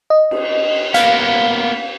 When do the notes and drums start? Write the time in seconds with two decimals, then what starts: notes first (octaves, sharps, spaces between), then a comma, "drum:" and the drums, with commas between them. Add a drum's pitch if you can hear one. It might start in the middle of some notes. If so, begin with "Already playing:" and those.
0.10 D#5
0.31 drum: cymbal
0.94 A#3 B3 F5, drum: hi-hat